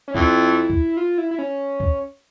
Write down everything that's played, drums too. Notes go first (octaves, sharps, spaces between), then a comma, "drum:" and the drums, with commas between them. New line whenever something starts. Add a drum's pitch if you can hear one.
C#4
F2 E4, drum: kick
drum: kick
F4
E4
E4
C#4
drum: kick